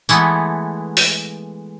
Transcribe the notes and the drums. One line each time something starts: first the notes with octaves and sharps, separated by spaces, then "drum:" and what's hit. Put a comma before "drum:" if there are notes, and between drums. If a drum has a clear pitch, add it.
E3 G#3 A3 B3, drum: tambourine
drum: open hi-hat